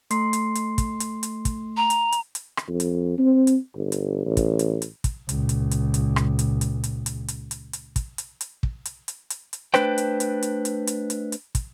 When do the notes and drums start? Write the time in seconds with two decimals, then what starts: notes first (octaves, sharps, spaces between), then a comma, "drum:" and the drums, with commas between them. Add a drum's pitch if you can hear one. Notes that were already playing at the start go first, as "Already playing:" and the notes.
0.11 A3 C6 C7, drum: hi-hat
0.33 drum: hi-hat
0.55 drum: hi-hat
0.78 drum: kick, hi-hat
1.00 drum: hi-hat
1.23 drum: hi-hat
1.45 drum: kick, hi-hat
1.77 A#5
1.90 drum: hi-hat
2.12 drum: hi-hat
2.35 drum: hi-hat
2.57 drum: rim click
2.68 F2
2.80 drum: hi-hat
3.18 C4
3.47 drum: hi-hat
3.76 G1
3.92 drum: hi-hat
4.26 A1
4.37 drum: kick, hi-hat
4.59 drum: hi-hat
4.82 drum: hi-hat
5.04 drum: kick, hi-hat
5.29 C#2 A#2, drum: hi-hat
5.49 drum: hi-hat
5.71 drum: hi-hat
5.94 drum: hi-hat
6.16 drum: rim click
6.39 drum: hi-hat
6.61 drum: hi-hat
6.84 drum: hi-hat
7.06 drum: hi-hat
7.28 drum: hi-hat
7.51 drum: hi-hat
7.73 drum: hi-hat
7.96 drum: kick, hi-hat
8.18 drum: hi-hat
8.41 drum: hi-hat
8.63 drum: kick
8.85 drum: hi-hat
9.08 drum: hi-hat
9.30 drum: hi-hat
9.53 drum: hi-hat
9.74 A3 D4 B4 C5 G5, drum: rim click
9.98 drum: hi-hat
10.20 drum: hi-hat
10.42 drum: hi-hat
10.65 drum: hi-hat
10.87 drum: hi-hat
11.10 drum: hi-hat
11.32 drum: hi-hat
11.55 drum: kick, hi-hat